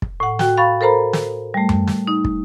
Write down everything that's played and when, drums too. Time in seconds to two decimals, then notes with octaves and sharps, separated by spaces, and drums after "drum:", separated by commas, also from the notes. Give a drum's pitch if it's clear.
0.02 drum: kick
0.20 A2 F#5
0.39 F#4 G5, drum: snare
0.57 F5 B5 C#6 A6
0.81 A4 A#4 C5 A#5 B5
1.13 drum: snare
1.54 G3 A3
1.69 drum: tom F#2
1.87 drum: snare
2.07 D#4
2.25 drum: kick